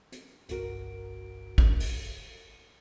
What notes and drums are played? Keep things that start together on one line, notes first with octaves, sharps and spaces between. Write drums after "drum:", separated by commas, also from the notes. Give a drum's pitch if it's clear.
drum: hi-hat
G1 C2 G2 F#4 A#4 D7, drum: hi-hat
drum: kick
drum: open hi-hat